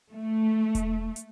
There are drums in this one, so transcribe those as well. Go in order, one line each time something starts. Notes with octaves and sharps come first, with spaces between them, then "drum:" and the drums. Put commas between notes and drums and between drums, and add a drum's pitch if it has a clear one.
A3
drum: kick E1, hi-hat
drum: hi-hat